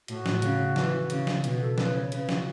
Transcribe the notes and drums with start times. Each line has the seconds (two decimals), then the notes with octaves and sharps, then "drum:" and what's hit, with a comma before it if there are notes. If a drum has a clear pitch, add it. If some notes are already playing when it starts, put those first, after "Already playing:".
0.08 A2 F#4, drum: hi-hat
0.26 drum: snare
0.42 C#3, drum: hi-hat
0.76 E3, drum: snare
1.10 C#3, drum: hi-hat
1.27 drum: snare
1.44 B2 F#4, drum: hi-hat
1.60 A4
1.73 A4
1.78 C#3 B4, drum: snare
1.95 C#5
2.12 C#3 B4, drum: hi-hat
2.29 F#4, drum: snare